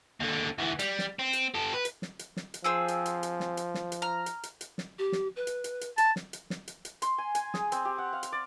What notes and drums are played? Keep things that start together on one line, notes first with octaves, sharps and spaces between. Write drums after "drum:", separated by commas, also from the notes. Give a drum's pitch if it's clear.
D#2 D3
D2 E3
G3, drum: hi-hat
drum: snare
C4
drum: hi-hat
G4 A4
B4
drum: hi-hat
drum: snare
drum: hi-hat
drum: snare
drum: hi-hat
F3 C4 G#4 E6
drum: hi-hat
drum: hi-hat
drum: hi-hat
drum: snare
drum: hi-hat
drum: snare
drum: hi-hat
A#5 F6
drum: hi-hat
drum: hi-hat
drum: hi-hat
drum: snare
G4
drum: snare
B4
drum: hi-hat
drum: hi-hat
drum: hi-hat
A5, drum: hi-hat
drum: snare
drum: hi-hat
drum: snare
drum: hi-hat
drum: hi-hat
C6, drum: hi-hat
G#5
G#5, drum: hi-hat
G#4, drum: snare
C4, drum: hi-hat
G4
F#5
F5
drum: hi-hat
D5